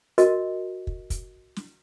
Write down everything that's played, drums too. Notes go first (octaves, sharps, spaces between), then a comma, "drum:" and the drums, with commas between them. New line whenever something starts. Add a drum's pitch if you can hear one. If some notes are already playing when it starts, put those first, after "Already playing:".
F#4 A#4 D#5, drum: hi-hat
drum: kick
drum: kick, hi-hat
drum: snare